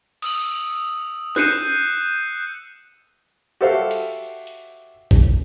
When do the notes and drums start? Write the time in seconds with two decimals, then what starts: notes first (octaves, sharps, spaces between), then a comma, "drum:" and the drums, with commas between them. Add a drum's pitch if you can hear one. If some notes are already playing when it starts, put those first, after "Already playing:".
0.22 D#6 E6 F#7, drum: cymbal
1.36 F#6 G6 C7 C#7 D#7 E7, drum: snare
3.61 F#4 G4 A4 C5 E5 F5
3.91 drum: cymbal
4.47 drum: hi-hat
5.11 drum: kick